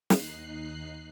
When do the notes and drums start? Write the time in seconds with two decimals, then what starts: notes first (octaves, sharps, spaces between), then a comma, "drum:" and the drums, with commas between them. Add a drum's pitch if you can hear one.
0.10 D#2 D#4 F#6 C7, drum: snare